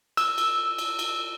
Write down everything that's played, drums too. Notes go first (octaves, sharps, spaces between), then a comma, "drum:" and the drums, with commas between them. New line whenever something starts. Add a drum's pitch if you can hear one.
E6, drum: cymbal
drum: cymbal
drum: cymbal
drum: cymbal